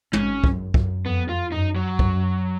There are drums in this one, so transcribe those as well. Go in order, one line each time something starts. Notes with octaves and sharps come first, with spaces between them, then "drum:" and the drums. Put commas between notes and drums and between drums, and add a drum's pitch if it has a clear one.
G#1 G#2 C#4, drum: tom
F#2, drum: kick
F#2, drum: kick
F2 B3
F4
F#2 D#4
F#3
F#2, drum: kick